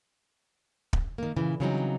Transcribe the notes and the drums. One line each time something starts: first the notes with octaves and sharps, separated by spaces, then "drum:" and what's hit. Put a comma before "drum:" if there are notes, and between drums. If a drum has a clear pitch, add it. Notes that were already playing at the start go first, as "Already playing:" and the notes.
drum: kick
D#3 A#3
A#2 C#3 E3
C#3 E3 F#3 G3 C4 D#4